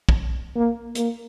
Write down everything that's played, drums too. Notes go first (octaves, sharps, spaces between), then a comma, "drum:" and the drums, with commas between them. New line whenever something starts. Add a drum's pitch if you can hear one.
drum: kick
A#3
A#3, drum: hi-hat